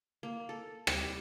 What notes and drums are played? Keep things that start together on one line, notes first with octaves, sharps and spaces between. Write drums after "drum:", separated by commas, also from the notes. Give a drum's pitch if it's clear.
A#3
A4
G3, drum: rim click